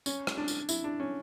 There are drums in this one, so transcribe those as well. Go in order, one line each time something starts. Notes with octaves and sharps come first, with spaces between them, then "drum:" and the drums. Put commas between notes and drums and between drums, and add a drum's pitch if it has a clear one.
C#4, drum: tambourine
drum: rim click
D4
drum: tambourine
E4, drum: tambourine
D4
C#4